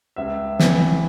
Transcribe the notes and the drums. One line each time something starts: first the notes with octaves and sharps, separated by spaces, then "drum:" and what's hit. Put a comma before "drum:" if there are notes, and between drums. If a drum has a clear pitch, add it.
C#2 E5
E3, drum: snare